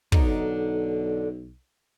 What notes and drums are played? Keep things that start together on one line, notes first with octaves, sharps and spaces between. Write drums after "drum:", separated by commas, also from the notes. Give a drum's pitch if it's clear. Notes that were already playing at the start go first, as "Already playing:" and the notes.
B1 D3 D#4, drum: kick